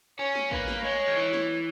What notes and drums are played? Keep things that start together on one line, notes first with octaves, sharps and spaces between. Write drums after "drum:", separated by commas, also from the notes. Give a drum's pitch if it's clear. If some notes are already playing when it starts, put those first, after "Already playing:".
C#4 C#5
drum: snare
A#3 B4, drum: kick A1
drum: snare
G#3 C#5
D#3
E3
drum: snare